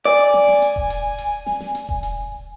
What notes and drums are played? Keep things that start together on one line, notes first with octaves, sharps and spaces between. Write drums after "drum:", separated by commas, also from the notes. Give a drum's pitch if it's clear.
D5 G#5
drum: snare
drum: snare
drum: hi-hat
drum: kick D#1
drum: hi-hat
drum: hi-hat
drum: snare
drum: snare
drum: hi-hat
drum: kick D#1
drum: hi-hat